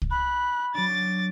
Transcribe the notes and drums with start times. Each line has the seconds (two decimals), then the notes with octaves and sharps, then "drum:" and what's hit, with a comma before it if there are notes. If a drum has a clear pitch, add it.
0.02 drum: kick C2
0.11 B5 F#6
0.74 F#3 D4 D6 A6